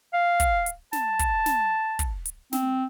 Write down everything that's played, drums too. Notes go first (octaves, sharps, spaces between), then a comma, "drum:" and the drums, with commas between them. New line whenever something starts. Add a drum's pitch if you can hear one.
F5
drum: kick, hi-hat
drum: hi-hat
A5, drum: snare
drum: kick, hi-hat
drum: snare
drum: kick, hi-hat
drum: hi-hat
C4, drum: snare